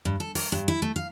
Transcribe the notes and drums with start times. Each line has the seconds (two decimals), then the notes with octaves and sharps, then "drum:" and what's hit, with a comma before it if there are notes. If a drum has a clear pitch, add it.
0.05 G2
0.20 A4
0.35 A#4, drum: open hi-hat
0.52 G2
0.68 E4
0.82 A3
0.96 F5